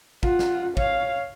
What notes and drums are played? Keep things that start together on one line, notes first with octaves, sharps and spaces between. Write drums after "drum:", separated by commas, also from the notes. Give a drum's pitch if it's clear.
F4 F#5, drum: kick
drum: snare
C#5 F5, drum: kick